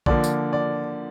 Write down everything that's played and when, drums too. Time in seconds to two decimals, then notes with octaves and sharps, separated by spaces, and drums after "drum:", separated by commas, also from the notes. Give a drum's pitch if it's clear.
0.06 D3 F3 A#3 D5, drum: kick A#1
0.24 drum: tambourine
0.53 D5